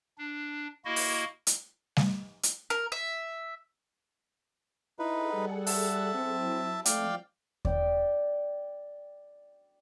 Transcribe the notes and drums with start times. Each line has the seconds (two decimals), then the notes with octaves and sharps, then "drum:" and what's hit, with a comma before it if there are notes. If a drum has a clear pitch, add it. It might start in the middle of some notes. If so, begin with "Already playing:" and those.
0.18 D4
0.85 A#3 E4 F#4 D#5
0.96 drum: open hi-hat
1.47 drum: hi-hat
1.97 drum: snare G3
2.43 drum: hi-hat
2.70 A#4
2.92 E5
4.99 D#4 E4 G#4 A4 B4 F#5
5.34 G3
5.67 E5 A5, drum: open hi-hat
6.14 F#3 C4 E4
6.86 F3 G#3 A3 C4 D5 F5 G5, drum: hi-hat
7.65 D5 G5, drum: kick D#2